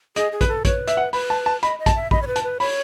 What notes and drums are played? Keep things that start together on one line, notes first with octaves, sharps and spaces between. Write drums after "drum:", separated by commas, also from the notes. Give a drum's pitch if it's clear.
G#4 D#5, drum: hi-hat
G#4
B4, drum: kick, hi-hat
A4
B4 C#5, drum: kick, hi-hat
E5, drum: hi-hat
F#5
B4 B5, drum: open hi-hat
A5
A5
D#5 B5, drum: hi-hat
D#5
A5, drum: kick, hi-hat
E5
D#5 B5, drum: kick
C#5
B4
A5, drum: hi-hat
B4
C#5 B5, drum: open hi-hat